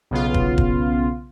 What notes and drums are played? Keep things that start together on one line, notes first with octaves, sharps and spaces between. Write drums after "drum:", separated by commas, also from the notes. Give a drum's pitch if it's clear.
B1 C#3 B3 F4
drum: kick
drum: kick